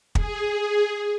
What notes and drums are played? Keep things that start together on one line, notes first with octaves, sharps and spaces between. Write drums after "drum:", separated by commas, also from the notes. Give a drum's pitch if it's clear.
G#4, drum: kick